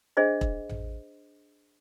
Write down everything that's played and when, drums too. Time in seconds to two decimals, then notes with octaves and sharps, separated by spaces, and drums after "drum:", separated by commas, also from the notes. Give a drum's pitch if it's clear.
0.17 D4 G#4 C5 D#5 E5
0.41 drum: kick E1
0.69 drum: tom A1